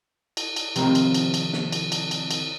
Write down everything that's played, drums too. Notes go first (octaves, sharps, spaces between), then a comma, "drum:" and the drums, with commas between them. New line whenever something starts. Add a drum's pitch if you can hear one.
drum: cymbal
drum: cymbal
C3 D#3 F3 C4 A#5, drum: cymbal
drum: cymbal
drum: cymbal
drum: cymbal
drum: snare
drum: cymbal
drum: cymbal
drum: cymbal
drum: cymbal